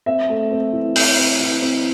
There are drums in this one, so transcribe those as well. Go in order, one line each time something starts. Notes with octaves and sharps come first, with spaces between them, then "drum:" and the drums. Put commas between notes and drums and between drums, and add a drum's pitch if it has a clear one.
C4 E5
A3
C4
E3
E3, drum: open hi-hat
C4
E3
C4